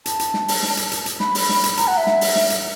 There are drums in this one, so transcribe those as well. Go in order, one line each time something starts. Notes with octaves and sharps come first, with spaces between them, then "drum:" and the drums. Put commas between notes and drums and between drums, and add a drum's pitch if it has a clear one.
A5, drum: hi-hat
drum: hi-hat
drum: snare
drum: open hi-hat
drum: snare
drum: hi-hat
drum: hi-hat
drum: hi-hat
B5, drum: snare
drum: open hi-hat
drum: snare
drum: hi-hat
A#5, drum: hi-hat
F#5
E5
drum: snare
drum: open hi-hat
drum: snare
drum: hi-hat